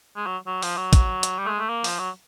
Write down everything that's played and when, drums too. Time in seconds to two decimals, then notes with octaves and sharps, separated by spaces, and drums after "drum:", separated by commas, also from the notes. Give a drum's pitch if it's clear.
0.16 G#3
0.26 F#3
0.47 F#3
0.62 F3, drum: open hi-hat
0.77 F#3
0.93 drum: kick, hi-hat
1.23 drum: hi-hat
1.39 G3
1.45 A3
1.48 G#3
1.59 A3
1.69 A#3
1.84 F3, drum: open hi-hat
1.99 F#3